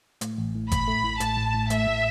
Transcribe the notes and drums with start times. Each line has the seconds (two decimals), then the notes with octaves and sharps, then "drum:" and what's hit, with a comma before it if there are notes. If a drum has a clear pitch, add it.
0.21 A2, drum: hi-hat
0.38 A1
0.55 A2
0.71 A1 B5, drum: kick G1, hi-hat
0.88 A3
1.04 A2
1.20 A2 A5, drum: hi-hat
1.37 A2
1.54 A2
1.70 A3 E5, drum: hi-hat
1.87 A2